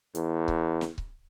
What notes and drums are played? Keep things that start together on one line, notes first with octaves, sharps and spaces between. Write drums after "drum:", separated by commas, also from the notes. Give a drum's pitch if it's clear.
E2, drum: hi-hat
drum: kick C#1
drum: snare
drum: kick C#1